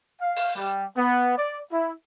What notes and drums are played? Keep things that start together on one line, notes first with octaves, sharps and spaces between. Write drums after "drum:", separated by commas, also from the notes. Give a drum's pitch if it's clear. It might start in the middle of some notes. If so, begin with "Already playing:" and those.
F5
drum: open hi-hat
G3
B3
D5
E4